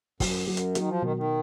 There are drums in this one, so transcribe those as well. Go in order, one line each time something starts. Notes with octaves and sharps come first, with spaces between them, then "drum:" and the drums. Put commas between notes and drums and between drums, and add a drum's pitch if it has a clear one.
F#2 F#3, drum: kick, open hi-hat
F#2 F#3
drum: hi-hat
D#3 F#3, drum: hi-hat
F3
B2 D#3
D#3